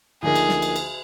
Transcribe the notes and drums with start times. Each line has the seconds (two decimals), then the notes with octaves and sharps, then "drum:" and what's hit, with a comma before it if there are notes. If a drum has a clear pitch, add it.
0.22 D2 D3 F3 A#3 D#4 G#4
0.35 drum: cymbal
0.49 drum: snare
0.62 drum: cymbal
0.76 drum: cymbal